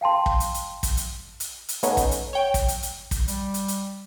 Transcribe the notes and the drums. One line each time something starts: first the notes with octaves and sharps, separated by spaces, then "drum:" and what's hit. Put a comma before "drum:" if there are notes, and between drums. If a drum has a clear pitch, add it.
F5 G5 A5 C6
drum: kick
drum: hi-hat
drum: hi-hat
drum: kick, hi-hat
drum: hi-hat
drum: hi-hat
drum: hi-hat
A3 B3 C#4 D#4, drum: hi-hat
drum: kick, hi-hat
drum: hi-hat
C#5 G5
drum: kick, hi-hat
drum: hi-hat
drum: hi-hat
drum: kick, hi-hat
G3, drum: hi-hat
drum: hi-hat
drum: hi-hat